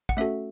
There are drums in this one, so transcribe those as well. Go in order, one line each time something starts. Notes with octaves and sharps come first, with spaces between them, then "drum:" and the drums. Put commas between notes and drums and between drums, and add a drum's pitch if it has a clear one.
F#5, drum: kick
A3 C#4 F#4 A4 E5